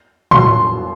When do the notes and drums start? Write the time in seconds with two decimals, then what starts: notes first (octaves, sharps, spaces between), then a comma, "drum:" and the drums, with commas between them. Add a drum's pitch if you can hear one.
0.31 C6, drum: tom A2